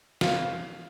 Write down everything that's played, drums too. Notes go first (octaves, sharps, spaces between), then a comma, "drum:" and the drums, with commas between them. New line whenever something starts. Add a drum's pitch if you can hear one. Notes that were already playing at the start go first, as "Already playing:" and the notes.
F5, drum: snare